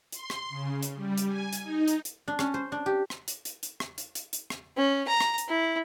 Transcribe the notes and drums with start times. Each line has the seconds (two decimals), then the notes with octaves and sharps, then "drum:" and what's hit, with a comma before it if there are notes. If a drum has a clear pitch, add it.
0.12 C6, drum: hi-hat
0.30 drum: rim click
0.49 C#3
0.83 drum: hi-hat
0.95 G3
1.18 drum: hi-hat
1.27 G#5
1.53 drum: hi-hat
1.62 D#4
1.88 drum: hi-hat
2.05 drum: hi-hat
2.28 D4
2.39 C#4, drum: rim click
2.54 C5
2.72 D4
2.86 G4
3.10 drum: rim click
3.28 drum: hi-hat
3.45 drum: hi-hat
3.63 drum: hi-hat
3.80 drum: rim click
3.98 drum: hi-hat
4.15 drum: hi-hat
4.33 drum: hi-hat
4.50 drum: rim click
4.77 C#4
5.08 A#5
5.20 drum: rim click
5.38 drum: hi-hat
5.48 E4